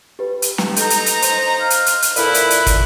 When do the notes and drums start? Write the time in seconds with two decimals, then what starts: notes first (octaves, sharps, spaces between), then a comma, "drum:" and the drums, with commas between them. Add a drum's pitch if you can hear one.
0.19 G4 B4
0.42 drum: hi-hat
0.58 drum: snare
0.76 D#4 A4 A#5 G6, drum: hi-hat
0.90 drum: hi-hat
1.06 drum: hi-hat
1.22 C5, drum: hi-hat
1.60 F5
1.70 drum: hi-hat
1.86 drum: hi-hat
2.02 drum: hi-hat
2.16 A#2 E4 A4 B4 D5, drum: hi-hat
2.34 drum: hi-hat
2.50 drum: hi-hat
2.66 drum: kick, hi-hat